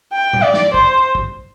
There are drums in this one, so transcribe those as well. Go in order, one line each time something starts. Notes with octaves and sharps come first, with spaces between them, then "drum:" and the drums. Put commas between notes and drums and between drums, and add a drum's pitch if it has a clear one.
G5
drum: tom A2
D5
drum: snare
C5, drum: kick
drum: kick